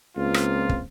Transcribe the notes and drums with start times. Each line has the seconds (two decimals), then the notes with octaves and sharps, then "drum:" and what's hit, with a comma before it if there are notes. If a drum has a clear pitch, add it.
0.17 C#2 A#3 C4 F4
0.34 drum: rim click
0.69 drum: kick